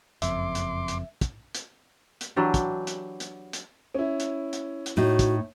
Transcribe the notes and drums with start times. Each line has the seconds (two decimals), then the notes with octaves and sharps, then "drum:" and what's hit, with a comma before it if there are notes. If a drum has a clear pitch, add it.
0.22 F#1 F2 E5 C6 D6, drum: hi-hat
0.55 drum: hi-hat
0.88 drum: hi-hat
1.21 drum: kick, hi-hat
1.55 drum: hi-hat
2.21 drum: hi-hat
2.36 E3 F#3 D4 G4
2.54 drum: kick, hi-hat
2.87 drum: hi-hat
3.20 drum: hi-hat
3.53 drum: hi-hat
3.95 C#4 E4
4.20 drum: hi-hat
4.53 drum: hi-hat
4.86 drum: hi-hat
4.97 A2 D#4 F#4
5.19 drum: kick, hi-hat